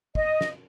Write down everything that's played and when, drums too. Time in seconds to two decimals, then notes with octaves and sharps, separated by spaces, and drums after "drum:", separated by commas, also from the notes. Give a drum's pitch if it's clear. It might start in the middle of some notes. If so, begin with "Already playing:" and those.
0.15 D#5, drum: kick
0.41 drum: snare